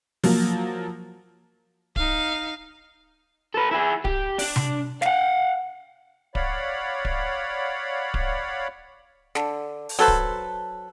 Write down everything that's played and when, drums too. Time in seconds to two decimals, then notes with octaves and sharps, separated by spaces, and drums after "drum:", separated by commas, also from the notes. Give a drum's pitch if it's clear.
0.23 F3 F#3 A#3, drum: open hi-hat
1.96 D#4 F5, drum: kick D1
3.54 A4 B4
3.71 E4 G#4
4.05 G4, drum: kick D1
4.39 D4, drum: open hi-hat
4.56 drum: tom C3
5.02 F5 F#5, drum: snare
6.35 C#5 D5 F5 F#5 B5, drum: kick D1
7.05 drum: kick D1
8.14 drum: kick D1
9.35 D3, drum: snare
9.89 drum: open hi-hat
9.99 F#3 A4 B4 C5
10.08 drum: kick D1